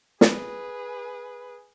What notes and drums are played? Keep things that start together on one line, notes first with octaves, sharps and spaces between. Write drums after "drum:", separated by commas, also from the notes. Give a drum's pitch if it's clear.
G#4 B4, drum: snare